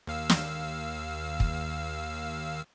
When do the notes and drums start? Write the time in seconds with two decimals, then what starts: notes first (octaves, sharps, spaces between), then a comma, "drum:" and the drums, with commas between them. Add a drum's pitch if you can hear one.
0.07 D#2 F5 E6
0.30 drum: snare
1.40 drum: kick